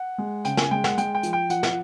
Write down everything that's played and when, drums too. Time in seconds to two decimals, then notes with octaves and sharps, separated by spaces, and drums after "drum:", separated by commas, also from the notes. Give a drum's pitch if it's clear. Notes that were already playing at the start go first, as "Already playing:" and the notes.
Already playing: F#5
0.18 G#3
0.45 C#3 G5, drum: hi-hat
0.57 G#5, drum: snare
0.71 G#3 G5
0.84 F#5, drum: snare
0.98 G#3 G5, drum: hi-hat
1.15 G5
1.23 F3, drum: hi-hat
1.33 G5
1.50 F3 F#5, drum: hi-hat
1.63 drum: snare